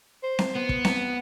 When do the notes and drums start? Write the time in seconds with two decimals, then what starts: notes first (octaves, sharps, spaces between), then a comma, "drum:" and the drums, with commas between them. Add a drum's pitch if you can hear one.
0.23 C5
0.39 drum: snare C4
0.55 B3
0.69 drum: kick
0.85 drum: snare C4